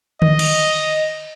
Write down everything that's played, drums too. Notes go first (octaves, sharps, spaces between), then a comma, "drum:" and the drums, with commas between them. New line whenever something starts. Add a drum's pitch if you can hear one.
D#5, drum: tom D3
drum: cymbal